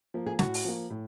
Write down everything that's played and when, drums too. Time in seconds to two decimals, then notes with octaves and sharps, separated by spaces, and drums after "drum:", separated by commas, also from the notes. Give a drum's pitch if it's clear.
0.14 F3 A#3
0.26 G#4
0.39 A2 F#4, drum: snare
0.54 drum: open hi-hat
0.65 F3 A#3
0.90 A2